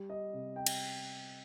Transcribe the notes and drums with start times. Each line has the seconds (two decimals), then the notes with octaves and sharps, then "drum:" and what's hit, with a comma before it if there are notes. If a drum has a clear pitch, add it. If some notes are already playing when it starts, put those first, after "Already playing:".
Already playing: G3
0.10 D#5
0.33 C3
0.56 G5
0.67 drum: cymbal